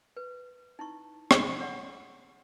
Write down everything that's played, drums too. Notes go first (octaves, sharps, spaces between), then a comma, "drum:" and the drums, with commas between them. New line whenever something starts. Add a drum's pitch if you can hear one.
B4
D#4 E4 C#6
drum: rim click
C#5 F#5 C6